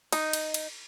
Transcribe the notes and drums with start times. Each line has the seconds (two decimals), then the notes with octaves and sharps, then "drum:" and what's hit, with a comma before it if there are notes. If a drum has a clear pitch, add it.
0.12 D#4, drum: cymbal
0.33 drum: cymbal
0.54 drum: cymbal